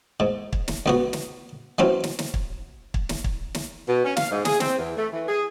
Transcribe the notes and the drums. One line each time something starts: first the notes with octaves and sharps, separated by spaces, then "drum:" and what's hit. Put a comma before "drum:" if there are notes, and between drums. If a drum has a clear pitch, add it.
G#2
drum: kick
drum: snare
C#2 B3 F#4
drum: snare
E3 F#3 C4 C#4
drum: snare
drum: snare
drum: kick
drum: kick
drum: snare
drum: kick
drum: snare
B2
C#4
F5, drum: snare
G#2
G#4, drum: snare
C4, drum: snare
E2
A3
E3
G#4